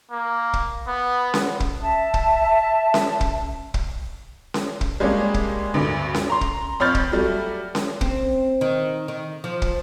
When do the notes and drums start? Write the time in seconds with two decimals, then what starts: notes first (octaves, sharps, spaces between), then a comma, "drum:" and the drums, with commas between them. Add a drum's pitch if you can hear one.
0.11 A#3
0.53 drum: kick
0.87 B3
1.34 drum: snare C#4
1.60 drum: kick
1.80 E5 A5
2.14 drum: kick
2.94 drum: snare C#4
3.21 drum: kick
3.74 drum: kick
4.54 drum: snare C#4
4.81 drum: kick
5.00 G3 G#3 A#3 C#4 D4 G#4
5.34 drum: kick
5.74 D2 G2 D3
6.14 drum: snare C#4
6.30 A#5 C6
6.41 drum: kick
6.80 F2 C#5 B5 F6 G6 A6
6.95 drum: kick
7.12 F#3 G3 A3
7.75 drum: snare C#4
8.01 C4, drum: kick
8.61 D#3
9.08 D#3
9.44 F3
9.62 drum: kick